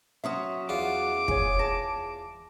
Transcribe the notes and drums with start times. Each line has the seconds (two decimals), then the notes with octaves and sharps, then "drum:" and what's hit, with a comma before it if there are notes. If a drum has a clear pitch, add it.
0.24 F#3 C#4 F#4 E5 C6 D#6
0.69 E2 F4 F#5 D6
1.28 G#4 C#5 G#5, drum: kick
1.59 A5 A#6